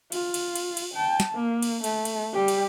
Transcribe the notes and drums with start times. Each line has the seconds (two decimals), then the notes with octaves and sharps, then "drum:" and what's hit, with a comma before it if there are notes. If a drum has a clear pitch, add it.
0.12 F4, drum: cymbal
0.34 drum: cymbal
0.56 drum: cymbal
0.77 drum: cymbal
0.94 G5 A5
1.20 drum: snare
1.35 A#3
1.63 drum: cymbal
1.84 A3, drum: cymbal
2.05 drum: cymbal
2.33 G3 G4
2.48 drum: cymbal